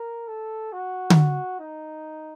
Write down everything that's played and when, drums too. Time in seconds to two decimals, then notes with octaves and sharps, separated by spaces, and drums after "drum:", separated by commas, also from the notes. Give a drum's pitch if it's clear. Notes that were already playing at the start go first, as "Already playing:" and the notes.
Already playing: A#4
0.27 A4
0.72 F#4
1.10 drum: tom D3
1.60 D#4